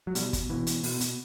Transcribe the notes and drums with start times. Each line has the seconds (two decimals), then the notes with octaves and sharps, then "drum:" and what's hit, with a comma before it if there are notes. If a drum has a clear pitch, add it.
0.07 F#3
0.15 B2 G3, drum: hi-hat
0.33 B2, drum: kick, hi-hat
0.50 B2 E3
0.67 B2, drum: hi-hat
0.83 B2, drum: open hi-hat
1.00 B2, drum: hi-hat